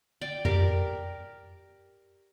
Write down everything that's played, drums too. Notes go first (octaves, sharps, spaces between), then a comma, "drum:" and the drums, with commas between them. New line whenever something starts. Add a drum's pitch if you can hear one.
D5 G5
G4 A#4 D6, drum: tom F2